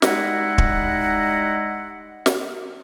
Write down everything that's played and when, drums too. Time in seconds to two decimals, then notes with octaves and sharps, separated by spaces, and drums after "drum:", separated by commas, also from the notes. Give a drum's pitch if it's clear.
0.02 G3 G#3 D#4 E4 D#5 F#5, drum: snare
0.58 drum: kick
2.26 drum: snare